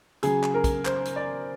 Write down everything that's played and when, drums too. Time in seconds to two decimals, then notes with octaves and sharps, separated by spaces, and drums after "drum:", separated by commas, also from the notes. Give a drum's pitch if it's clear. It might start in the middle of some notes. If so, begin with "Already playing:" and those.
0.23 C#3 F#3 G#4, drum: hi-hat
0.43 drum: clap
0.54 A#4
0.64 drum: kick, hi-hat
0.85 C5, drum: clap
1.05 drum: hi-hat
1.16 D5